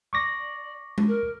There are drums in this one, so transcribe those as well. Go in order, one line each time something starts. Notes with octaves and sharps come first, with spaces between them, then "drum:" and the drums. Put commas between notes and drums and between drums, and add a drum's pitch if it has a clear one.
D5 C#6 D6 A#6
drum: tom
A#4